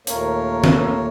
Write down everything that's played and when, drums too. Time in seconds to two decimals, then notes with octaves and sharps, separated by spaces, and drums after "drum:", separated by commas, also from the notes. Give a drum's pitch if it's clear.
0.07 D#2 A#2 A3 A#3 A#4 C#5, drum: hi-hat
0.64 drum: tom D#3